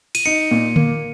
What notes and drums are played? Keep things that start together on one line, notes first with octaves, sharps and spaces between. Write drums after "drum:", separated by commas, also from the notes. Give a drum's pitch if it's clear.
D#7, drum: cymbal
D#4 C#7
A#2
A#3, drum: tom D3